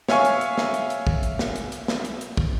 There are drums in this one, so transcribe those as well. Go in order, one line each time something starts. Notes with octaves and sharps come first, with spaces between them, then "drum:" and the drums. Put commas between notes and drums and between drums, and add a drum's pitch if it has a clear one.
C#5 E5 F5 G#5 C#6, drum: snare
drum: hi-hat
drum: hi-hat
drum: snare
drum: hi-hat
drum: hi-hat
drum: kick
drum: hi-hat
drum: snare
drum: hi-hat
drum: hi-hat
drum: snare
drum: hi-hat
drum: hi-hat
drum: kick